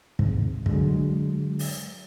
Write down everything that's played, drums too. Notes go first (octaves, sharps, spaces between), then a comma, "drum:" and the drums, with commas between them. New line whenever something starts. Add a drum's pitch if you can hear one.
D#2 G#2 C3, drum: kick
D3 F#3 G#3, drum: kick
drum: open hi-hat